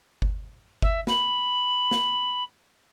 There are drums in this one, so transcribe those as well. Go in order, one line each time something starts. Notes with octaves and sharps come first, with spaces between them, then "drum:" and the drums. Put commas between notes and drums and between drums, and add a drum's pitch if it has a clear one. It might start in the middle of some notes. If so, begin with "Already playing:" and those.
drum: kick G1
E5, drum: kick G1
B5, drum: snare
drum: snare